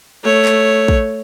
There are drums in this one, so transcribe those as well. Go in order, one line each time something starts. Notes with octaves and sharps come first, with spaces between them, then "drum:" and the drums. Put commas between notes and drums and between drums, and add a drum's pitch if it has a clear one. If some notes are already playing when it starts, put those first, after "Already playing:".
A3 C#5
drum: clap
drum: kick